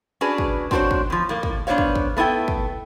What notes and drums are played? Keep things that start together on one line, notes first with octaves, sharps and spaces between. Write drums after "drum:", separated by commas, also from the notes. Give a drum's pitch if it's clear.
C#4 D4 F#4 G#4 B4
drum: kick
C4 D4 F#4 A4 C5 C#5, drum: kick
drum: kick
B2 F3
A2 A#3
drum: kick
B3 D4 F4 C5 C#5 F5
drum: kick
drum: kick
A3 B3 E4 A4 G5
drum: kick